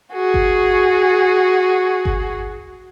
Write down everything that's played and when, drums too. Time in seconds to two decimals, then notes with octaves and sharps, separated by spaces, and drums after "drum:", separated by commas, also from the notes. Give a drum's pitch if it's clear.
0.13 F#4 G#4
0.34 drum: kick G1
2.05 drum: kick G1